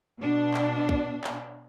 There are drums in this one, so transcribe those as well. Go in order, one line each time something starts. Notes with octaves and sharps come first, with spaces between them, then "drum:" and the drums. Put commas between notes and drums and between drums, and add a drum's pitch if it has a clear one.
B2 D4
drum: clap
drum: kick
drum: clap